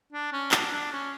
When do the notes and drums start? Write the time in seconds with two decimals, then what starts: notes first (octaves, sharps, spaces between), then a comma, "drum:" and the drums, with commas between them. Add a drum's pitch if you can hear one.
0.12 D4
0.32 C#4
0.51 D4, drum: clap
0.72 D4
0.92 C#4